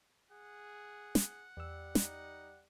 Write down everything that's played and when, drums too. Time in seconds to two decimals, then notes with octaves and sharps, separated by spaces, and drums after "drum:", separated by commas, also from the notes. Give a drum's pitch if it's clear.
0.31 G#4 F#5
1.15 drum: snare
1.57 E2 G3 E6
1.95 D#4, drum: snare